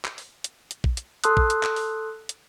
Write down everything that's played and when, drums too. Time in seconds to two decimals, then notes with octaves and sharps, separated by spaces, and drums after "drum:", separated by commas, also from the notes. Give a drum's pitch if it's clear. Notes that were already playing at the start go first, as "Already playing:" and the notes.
0.05 drum: clap
0.18 drum: open hi-hat
0.44 drum: hi-hat
0.71 drum: hi-hat
0.84 drum: kick A#1
0.97 drum: hi-hat
1.24 A4 A5 C6 D#6 E6 F#6, drum: hi-hat
1.37 drum: kick A#1
1.50 drum: hi-hat
1.63 drum: clap
1.76 drum: open hi-hat
2.29 drum: hi-hat